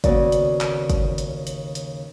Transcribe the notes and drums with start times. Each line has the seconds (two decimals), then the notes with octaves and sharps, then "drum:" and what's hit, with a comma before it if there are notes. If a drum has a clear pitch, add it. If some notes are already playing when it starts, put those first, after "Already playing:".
0.04 D#2 C#3 B3 F#4 D5, drum: kick, hi-hat
0.32 drum: hi-hat
0.61 drum: clap
0.90 drum: kick, hi-hat
1.18 drum: hi-hat
1.47 drum: hi-hat
1.75 drum: hi-hat